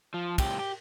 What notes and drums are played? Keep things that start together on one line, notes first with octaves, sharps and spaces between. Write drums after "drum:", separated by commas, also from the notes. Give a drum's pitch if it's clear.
F3
C#2 G4, drum: kick, cymbal
G4